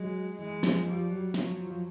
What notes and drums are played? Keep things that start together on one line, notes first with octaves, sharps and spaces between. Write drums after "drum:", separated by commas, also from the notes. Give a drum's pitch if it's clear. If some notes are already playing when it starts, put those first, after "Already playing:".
Already playing: F#3 G#3
E3 G#3
F3, drum: snare
F3 G3
F#3
F3 F#3, drum: snare
F3
F3